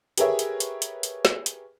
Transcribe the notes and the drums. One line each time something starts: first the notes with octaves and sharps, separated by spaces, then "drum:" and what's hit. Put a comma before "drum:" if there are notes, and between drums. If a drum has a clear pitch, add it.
G4 G#4 A#4 B4 C#5 E5, drum: hi-hat
drum: hi-hat
drum: hi-hat
drum: hi-hat
drum: hi-hat
drum: snare
drum: hi-hat